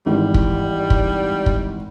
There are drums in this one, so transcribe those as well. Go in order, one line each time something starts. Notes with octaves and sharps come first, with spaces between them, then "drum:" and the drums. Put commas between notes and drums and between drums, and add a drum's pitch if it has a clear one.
G#1 E3 G3
drum: kick
drum: kick
drum: kick